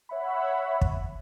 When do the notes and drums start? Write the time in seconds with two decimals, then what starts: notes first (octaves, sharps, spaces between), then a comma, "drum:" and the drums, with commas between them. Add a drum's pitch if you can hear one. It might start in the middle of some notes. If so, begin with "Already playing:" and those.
0.09 C#5 E5 F#5 B5
0.81 drum: kick